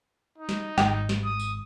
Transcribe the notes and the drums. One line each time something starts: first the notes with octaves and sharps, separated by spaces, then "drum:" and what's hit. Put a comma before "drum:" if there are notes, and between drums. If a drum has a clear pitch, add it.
D#4
drum: snare
G#1 G5, drum: snare
drum: snare
D#6
drum: tambourine